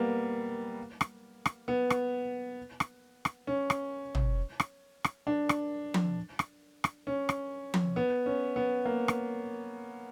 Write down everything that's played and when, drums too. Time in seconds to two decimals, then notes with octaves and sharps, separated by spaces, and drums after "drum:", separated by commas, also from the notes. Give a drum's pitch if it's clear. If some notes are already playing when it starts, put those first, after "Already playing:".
Already playing: G3 A#3 B3
1.01 drum: rim click
1.46 drum: rim click
1.68 B3
1.90 drum: rim click
2.80 drum: rim click
3.25 drum: rim click
3.47 C#4
3.70 drum: rim click
4.15 drum: tom
4.60 drum: rim click
5.04 drum: rim click
5.27 D4
5.49 drum: rim click
5.94 drum: tom F3
6.39 drum: rim click
6.84 drum: rim click
7.07 C#4
7.29 drum: rim click
7.74 drum: tom F3
7.96 B3
8.26 C#4
8.56 B3
8.86 A#3
9.08 drum: rim click